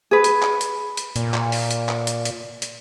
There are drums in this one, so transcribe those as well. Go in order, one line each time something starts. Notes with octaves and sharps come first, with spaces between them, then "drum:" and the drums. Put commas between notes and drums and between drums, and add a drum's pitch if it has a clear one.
G#4 B4
drum: hi-hat
drum: clap
drum: hi-hat
drum: hi-hat
A#2, drum: hi-hat
drum: clap
drum: open hi-hat
drum: hi-hat
drum: clap
drum: hi-hat
drum: hi-hat
drum: hi-hat